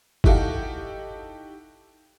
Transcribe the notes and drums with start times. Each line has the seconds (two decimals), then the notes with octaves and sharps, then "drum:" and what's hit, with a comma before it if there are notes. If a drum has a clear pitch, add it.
0.24 D#4 E4 F#4 G4 A4 F5, drum: kick F#1